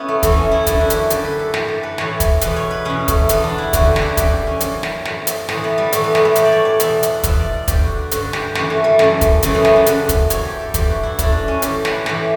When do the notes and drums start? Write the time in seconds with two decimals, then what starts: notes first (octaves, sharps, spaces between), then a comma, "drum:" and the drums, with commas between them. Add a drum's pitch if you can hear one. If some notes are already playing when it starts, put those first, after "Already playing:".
Already playing: B3 C#4 E4
0.09 A3
0.23 A2 E3 A3, drum: kick, hi-hat
0.31 C#4
0.37 B3
0.51 E4
0.67 F#2 D3 D4, drum: kick, hi-hat
0.81 E4
0.90 G4, drum: hi-hat
0.96 F#4
1.10 F#2 D3 G4, drum: hi-hat
1.24 B4
1.39 A4
1.54 A2 E3 G4, drum: snare
1.68 A4
1.83 B4
1.98 A2 E3 C#5, drum: snare
2.20 drum: kick, hi-hat
2.41 E2 B2 B4, drum: hi-hat
2.56 C#5
2.71 B4
2.85 E2 B2 C#4
3.08 A3, drum: kick, hi-hat
3.29 E2 D3 B3, drum: hi-hat
3.44 D4
3.58 E4
3.73 E2 D3 F#4, drum: kick, hi-hat
3.85 G4
3.96 E4, drum: snare
4.02 F#4 G4
4.17 F#2 E3 G4, drum: kick, hi-hat
4.31 G4
4.47 C#4
4.60 F#2 E3, drum: hi-hat
4.83 drum: snare
5.05 A2 E3, drum: snare
5.27 drum: hi-hat
5.49 A2 E3 B3, drum: snare
5.64 B3
5.78 G3
5.92 A2 E3 A3, drum: hi-hat
6.04 B3
6.15 A3, drum: snare
6.25 A3
6.36 A2 E3 G4, drum: hi-hat
6.45 D5
6.52 C#5
6.65 D5
6.80 E2 B2 E5, drum: hi-hat
7.03 F#5, drum: hi-hat
7.23 E2 B2 E5, drum: kick, hi-hat
7.39 D5
7.53 F#5
7.68 G2 D3 G4, drum: kick, hi-hat
7.83 F#4
8.11 G2 D3 F#4, drum: hi-hat
8.33 G4, drum: snare
8.55 F#2 E3 F#4, drum: snare
8.70 A3
8.84 G3
8.99 F#2 E3 A3, drum: snare
9.21 drum: kick, hi-hat
9.43 F#2 C#3 E3 A3, drum: hi-hat
9.55 B3
9.65 C#4, drum: snare
9.76 D4
9.86 F#2 C#3 E3 B4, drum: hi-hat
10.09 drum: kick, hi-hat
10.30 G2 E3 C#5, drum: hi-hat
10.45 G4
10.60 A4
10.74 G2 E3 G4, drum: kick, hi-hat
10.90 F#4
11.03 E4
11.19 A2 E3 D4, drum: kick, hi-hat
11.32 D4
11.48 C#4
11.62 A2 E3 G4, drum: hi-hat
11.85 B4, drum: snare
12.06 A2 E3 G4, drum: snare